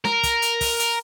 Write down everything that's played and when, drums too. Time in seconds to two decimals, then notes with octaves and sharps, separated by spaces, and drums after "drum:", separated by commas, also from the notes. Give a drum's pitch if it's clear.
0.05 A#4, drum: snare
0.23 drum: kick, hi-hat
0.42 drum: hi-hat
0.61 drum: kick, open hi-hat
0.79 drum: hi-hat